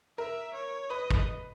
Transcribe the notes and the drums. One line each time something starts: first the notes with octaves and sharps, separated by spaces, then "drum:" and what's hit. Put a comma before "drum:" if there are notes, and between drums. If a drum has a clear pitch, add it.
A#4 E5
C#5
B4 D#5
drum: kick